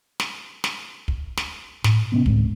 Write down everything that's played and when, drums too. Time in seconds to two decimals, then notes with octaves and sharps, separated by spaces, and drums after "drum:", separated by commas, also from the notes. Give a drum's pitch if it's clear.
0.20 drum: snare
0.64 drum: snare
1.08 drum: kick
1.37 drum: snare
1.84 A2, drum: snare
2.12 C3 B3 C#4 D4
2.26 D2 A2 G#3 C4, drum: kick